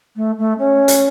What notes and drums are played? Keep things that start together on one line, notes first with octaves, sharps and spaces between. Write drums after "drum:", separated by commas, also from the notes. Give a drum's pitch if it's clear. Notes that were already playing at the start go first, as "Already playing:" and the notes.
A3
A3
C#4
drum: hi-hat